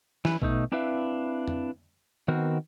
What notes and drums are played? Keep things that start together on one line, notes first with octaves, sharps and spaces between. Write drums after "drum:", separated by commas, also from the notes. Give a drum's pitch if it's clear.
E3 B4, drum: snare
B2 A3 D#4, drum: kick A#1
C4 D4 E4 B4 E5 F5
drum: tom F2
D#3 B3 C4 F#4 A#4